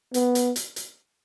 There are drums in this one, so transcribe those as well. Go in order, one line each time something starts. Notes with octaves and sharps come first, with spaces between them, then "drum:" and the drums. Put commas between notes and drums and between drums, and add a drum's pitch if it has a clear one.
B3, drum: hi-hat
drum: hi-hat
drum: hi-hat
drum: hi-hat